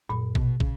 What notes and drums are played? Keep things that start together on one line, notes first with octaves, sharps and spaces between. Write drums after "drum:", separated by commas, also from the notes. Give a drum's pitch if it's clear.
F#2 A#2
B2, drum: kick
C#3, drum: kick